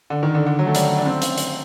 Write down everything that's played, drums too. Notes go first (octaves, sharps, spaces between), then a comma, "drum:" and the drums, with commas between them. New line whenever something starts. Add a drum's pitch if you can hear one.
D3
D#3
D3
D3
F#3
A3
G3, drum: hi-hat
D4
C4
drum: hi-hat
drum: hi-hat